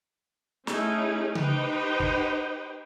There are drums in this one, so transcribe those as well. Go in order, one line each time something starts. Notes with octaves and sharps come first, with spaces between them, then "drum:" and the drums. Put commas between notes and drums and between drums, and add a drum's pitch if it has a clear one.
A3 C#4 D#4 E4 G#4, drum: snare
D#4 G4 B4 C5 G5, drum: tom C#3
drum: kick